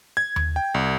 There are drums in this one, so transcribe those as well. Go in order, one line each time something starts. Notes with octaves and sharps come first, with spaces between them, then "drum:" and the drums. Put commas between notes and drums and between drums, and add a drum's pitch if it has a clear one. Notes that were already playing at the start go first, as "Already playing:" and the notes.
G#6
drum: tom D#2
G5
C2